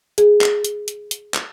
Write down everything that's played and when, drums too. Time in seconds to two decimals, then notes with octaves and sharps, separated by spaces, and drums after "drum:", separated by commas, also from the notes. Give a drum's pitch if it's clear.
0.18 G#4, drum: hi-hat
0.41 drum: clap
0.64 drum: hi-hat
0.88 drum: hi-hat
1.11 drum: hi-hat
1.34 drum: clap